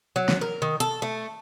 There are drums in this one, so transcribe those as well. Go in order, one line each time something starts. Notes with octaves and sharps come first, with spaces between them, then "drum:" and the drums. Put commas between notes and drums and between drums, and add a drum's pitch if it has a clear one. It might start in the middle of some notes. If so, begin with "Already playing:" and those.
F#3
drum: snare
A#4
D#3
A4, drum: hi-hat
A3